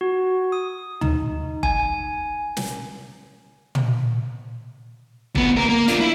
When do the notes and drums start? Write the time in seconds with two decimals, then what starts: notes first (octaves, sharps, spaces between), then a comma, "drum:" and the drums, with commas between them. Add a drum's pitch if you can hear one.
0.01 F#4
0.52 D#6
1.01 D#4, drum: tom
1.63 G#5, drum: kick G1
2.57 drum: snare
3.75 drum: tom
5.35 D2 B3, drum: kick G1
5.57 A#3 A#4
5.69 A#3
5.88 D4 F4, drum: hi-hat
6.00 E4